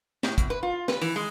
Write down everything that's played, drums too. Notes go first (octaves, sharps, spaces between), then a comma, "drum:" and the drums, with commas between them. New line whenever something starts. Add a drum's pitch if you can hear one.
A2, drum: snare
B2, drum: kick, hi-hat
B4
F4
B4, drum: snare
E3, drum: open hi-hat
G#3